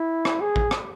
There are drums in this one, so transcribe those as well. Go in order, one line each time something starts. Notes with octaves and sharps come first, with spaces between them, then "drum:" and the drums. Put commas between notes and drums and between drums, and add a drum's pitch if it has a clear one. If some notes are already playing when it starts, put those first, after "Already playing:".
Already playing: E4
drum: rim click
G#4
drum: kick A1
drum: rim click